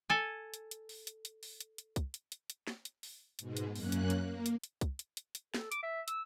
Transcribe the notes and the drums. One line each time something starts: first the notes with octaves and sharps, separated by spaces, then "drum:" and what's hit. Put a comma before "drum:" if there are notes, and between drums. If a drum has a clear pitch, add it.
A4 G#5
drum: hi-hat
drum: hi-hat
drum: open hi-hat
drum: hi-hat
drum: hi-hat
drum: open hi-hat
drum: hi-hat
drum: hi-hat
drum: kick C2, hi-hat
drum: hi-hat
drum: hi-hat
drum: hi-hat
drum: snare
drum: hi-hat
drum: open hi-hat
G#2 B2 G#3, drum: hi-hat
drum: hi-hat
F#2 A#3 C#4 F#6, drum: open hi-hat
drum: hi-hat
drum: hi-hat
A#3
drum: hi-hat
drum: hi-hat
drum: kick C2, hi-hat
drum: hi-hat
drum: hi-hat
drum: hi-hat
A4, drum: snare
D6, drum: hi-hat
E5
E6, drum: hi-hat